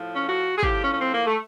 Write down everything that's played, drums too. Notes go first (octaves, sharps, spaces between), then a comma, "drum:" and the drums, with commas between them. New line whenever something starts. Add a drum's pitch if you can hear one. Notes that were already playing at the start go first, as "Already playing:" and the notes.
Already playing: A2 F3
C#4
F#4
G#4
A2 F3 G4, drum: kick
C#4
C#4
C4
A#3
A3